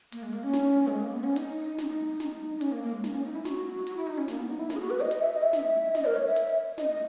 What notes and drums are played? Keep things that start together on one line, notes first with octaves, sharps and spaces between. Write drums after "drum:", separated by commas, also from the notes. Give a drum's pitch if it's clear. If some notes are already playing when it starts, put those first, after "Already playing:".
A#3, drum: hi-hat
G#3
A#3
C#4
drum: snare
G#3
A#3
B3
C#4
D#4, drum: hi-hat
D#4
D#4, drum: snare
drum: snare
D#4
C#4, drum: hi-hat
A#3
A#3
G#3
A#3, drum: snare
C#4
D#4
E4
F#4, drum: snare
F#4
F#4, drum: hi-hat
E4
D#4
C#4
A#3, drum: snare
B3
D#4
E4
A#3, drum: snare
G#4
F#4
B4
D#5
D#5, drum: hi-hat
E5
D#5
E5
drum: snare
D#5, drum: snare
A#4
C#5
E5
drum: hi-hat
D#5, drum: snare
D#5